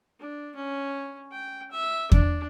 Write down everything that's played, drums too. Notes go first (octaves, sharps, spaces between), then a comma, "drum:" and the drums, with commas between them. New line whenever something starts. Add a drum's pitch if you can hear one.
D4
C#4
G5
E5
D4, drum: kick E2